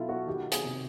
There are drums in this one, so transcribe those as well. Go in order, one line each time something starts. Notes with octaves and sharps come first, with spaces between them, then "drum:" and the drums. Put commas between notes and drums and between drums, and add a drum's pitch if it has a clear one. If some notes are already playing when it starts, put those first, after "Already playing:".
Already playing: B2 F#3 E4 F4 A4
F#4
D#3 G4
G#4, drum: hi-hat
C3